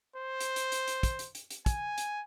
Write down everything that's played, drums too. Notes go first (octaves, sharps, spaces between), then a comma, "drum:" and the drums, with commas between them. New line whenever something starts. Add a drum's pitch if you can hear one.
C5
drum: hi-hat
drum: hi-hat
drum: hi-hat
drum: hi-hat
drum: kick, hi-hat
drum: hi-hat
drum: hi-hat
drum: hi-hat
G#5, drum: kick, hi-hat
drum: hi-hat